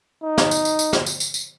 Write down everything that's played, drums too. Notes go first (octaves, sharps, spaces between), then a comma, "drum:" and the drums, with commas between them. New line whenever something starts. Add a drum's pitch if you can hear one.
D#4
drum: snare
drum: tambourine
drum: tambourine
drum: tambourine
drum: snare
drum: tambourine
drum: tambourine
drum: tambourine